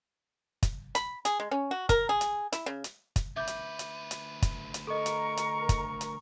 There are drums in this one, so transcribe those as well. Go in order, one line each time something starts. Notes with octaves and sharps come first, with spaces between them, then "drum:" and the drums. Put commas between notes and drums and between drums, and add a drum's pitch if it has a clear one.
drum: kick, hi-hat
B5, drum: hi-hat
G#4, drum: hi-hat
G#3
C#4
F#4
A#4, drum: kick, hi-hat
G#4
drum: hi-hat
E4, drum: hi-hat
C#3
drum: hi-hat
drum: kick, hi-hat
D2 B4 E5 D6 G6
drum: hi-hat
drum: hi-hat
drum: hi-hat
drum: kick, hi-hat
drum: hi-hat
A4 A#4 D#5 A#5 C#6
drum: hi-hat
drum: hi-hat
drum: kick, hi-hat
drum: hi-hat